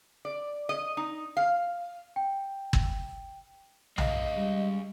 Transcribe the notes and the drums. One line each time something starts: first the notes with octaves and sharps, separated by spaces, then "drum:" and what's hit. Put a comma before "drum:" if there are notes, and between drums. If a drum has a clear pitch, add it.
D5
D#5
D#4
F5
G5
drum: kick
G#3 D#5 F5, drum: tom B1
G3